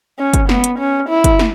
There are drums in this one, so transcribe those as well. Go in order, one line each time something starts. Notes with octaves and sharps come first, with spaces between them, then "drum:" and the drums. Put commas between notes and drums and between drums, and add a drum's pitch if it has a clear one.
C#4
drum: kick, hi-hat
B3, drum: snare
drum: hi-hat
C#4
E4
drum: kick, hi-hat
drum: snare